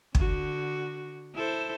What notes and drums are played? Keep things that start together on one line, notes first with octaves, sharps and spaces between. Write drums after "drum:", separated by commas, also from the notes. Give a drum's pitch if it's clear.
D3 F#4, drum: kick
E4 A4 C5